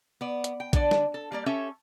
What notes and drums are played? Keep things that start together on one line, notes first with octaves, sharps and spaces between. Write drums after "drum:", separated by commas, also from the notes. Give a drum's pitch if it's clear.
B3 D5
drum: hi-hat
G5
D3 D4 A4 D5, drum: kick, hi-hat
drum: snare
A4
G3 A#3 D5
C#4 G4 A4 C#5 E5